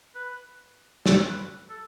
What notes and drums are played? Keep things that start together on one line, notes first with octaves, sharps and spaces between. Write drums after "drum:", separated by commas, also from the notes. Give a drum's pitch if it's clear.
B4
A4, drum: snare
B4
A4